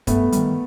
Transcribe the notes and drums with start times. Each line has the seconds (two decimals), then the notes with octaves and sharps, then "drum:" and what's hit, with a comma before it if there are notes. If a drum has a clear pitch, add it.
0.07 G2 A3 B3, drum: kick, hi-hat
0.32 D#3 G3, drum: hi-hat